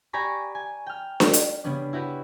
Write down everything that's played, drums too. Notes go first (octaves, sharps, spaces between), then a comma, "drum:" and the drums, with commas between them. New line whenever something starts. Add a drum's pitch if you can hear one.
G4 D5 G#5 A#5 B5 C#6
G#5
G5 F6
drum: snare D4
drum: hi-hat
C#3 G3 B3 C#4 D4
E4 F#4 G4 B4